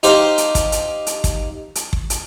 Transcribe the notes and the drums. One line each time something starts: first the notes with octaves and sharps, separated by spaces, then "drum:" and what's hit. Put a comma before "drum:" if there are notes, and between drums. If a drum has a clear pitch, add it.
D#4 G4 C5 F5, drum: hi-hat
drum: hi-hat
drum: kick, hi-hat
drum: hi-hat
drum: hi-hat
drum: kick, hi-hat
drum: hi-hat
drum: kick
drum: hi-hat